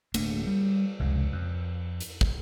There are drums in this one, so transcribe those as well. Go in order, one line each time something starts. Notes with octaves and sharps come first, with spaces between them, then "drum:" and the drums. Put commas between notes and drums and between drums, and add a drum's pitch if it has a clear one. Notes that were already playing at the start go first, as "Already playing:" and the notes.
D1 A3 A#3 D4, drum: cymbal
G3
F1 C#2 C#3 G#3
F2
drum: hi-hat
drum: kick